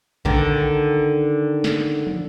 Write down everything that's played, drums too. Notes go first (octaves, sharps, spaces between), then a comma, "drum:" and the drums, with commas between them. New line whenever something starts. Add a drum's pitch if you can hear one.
D3 D#3, drum: kick A#1
drum: snare
drum: tom